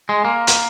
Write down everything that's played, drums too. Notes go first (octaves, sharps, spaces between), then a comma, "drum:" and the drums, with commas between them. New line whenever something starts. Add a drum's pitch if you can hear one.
G#3
A#3
drum: hi-hat